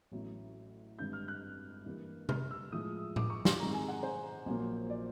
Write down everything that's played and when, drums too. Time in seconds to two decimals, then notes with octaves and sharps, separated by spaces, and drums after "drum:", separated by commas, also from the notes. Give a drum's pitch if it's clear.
0.12 A1 A2 F#3
0.99 G#1 G2 D3 G6
1.13 F6
1.28 F#6
1.86 G2 E3 G3 A#3
2.29 F6, drum: tom C3
2.51 E6
2.72 A2 F3 G#3 D#6
3.16 D6, drum: tom A2
3.30 C#6
3.45 C6, drum: snare
3.59 G#2 D#3 G#3 C4 A#5
3.74 G#5
3.88 F#5
4.03 C5
4.46 A#1 A#2 F#3 A#3
4.90 D5